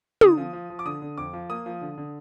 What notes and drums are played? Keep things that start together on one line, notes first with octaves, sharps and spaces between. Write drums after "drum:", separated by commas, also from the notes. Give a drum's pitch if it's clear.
D3 D#6, drum: tom
F3
F3
F3
D6
D3 D#6
D3
F2 D6
F3
A#3 D#6
F3
D3
D3